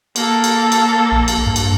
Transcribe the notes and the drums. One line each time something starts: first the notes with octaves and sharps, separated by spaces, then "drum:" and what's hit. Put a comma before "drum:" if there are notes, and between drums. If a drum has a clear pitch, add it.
A#3 A4, drum: cymbal
drum: cymbal
drum: cymbal
A#1
drum: cymbal
G2
drum: cymbal